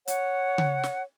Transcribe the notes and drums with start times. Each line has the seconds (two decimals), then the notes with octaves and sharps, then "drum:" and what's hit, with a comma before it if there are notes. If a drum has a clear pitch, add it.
0.08 C#5 F#5, drum: hi-hat
0.58 drum: tom C#3
0.83 drum: snare